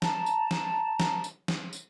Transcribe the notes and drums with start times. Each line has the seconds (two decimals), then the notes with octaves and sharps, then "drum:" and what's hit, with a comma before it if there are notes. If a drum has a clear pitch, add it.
0.02 A5 A#5, drum: snare
0.26 drum: tambourine
0.51 drum: snare
1.00 drum: snare
1.24 drum: tambourine
1.48 drum: snare
1.73 drum: tambourine